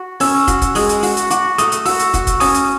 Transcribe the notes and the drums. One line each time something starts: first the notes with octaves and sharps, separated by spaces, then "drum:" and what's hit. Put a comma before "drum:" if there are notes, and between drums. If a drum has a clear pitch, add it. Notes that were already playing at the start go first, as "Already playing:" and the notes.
Already playing: F#4
C#4 E6, drum: open hi-hat
F#4, drum: kick, hi-hat
drum: kick, hi-hat
G#3 D#6, drum: open hi-hat
drum: hi-hat
F#4, drum: open hi-hat
drum: hi-hat
F#4 D6, drum: hi-hat
A3 D#6, drum: hi-hat
drum: hi-hat
F#4 E6, drum: open hi-hat
drum: hi-hat
F#4, drum: kick, hi-hat
drum: kick, hi-hat
C#4 D#6, drum: open hi-hat
drum: hi-hat